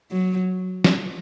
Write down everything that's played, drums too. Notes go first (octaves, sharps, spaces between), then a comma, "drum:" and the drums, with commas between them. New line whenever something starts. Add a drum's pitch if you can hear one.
F#3
drum: snare